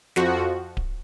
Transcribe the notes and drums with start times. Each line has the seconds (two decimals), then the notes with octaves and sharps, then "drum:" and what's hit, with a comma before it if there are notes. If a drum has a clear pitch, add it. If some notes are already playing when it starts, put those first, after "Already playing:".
0.16 F2 F3 F#4, drum: snare
0.77 drum: kick D1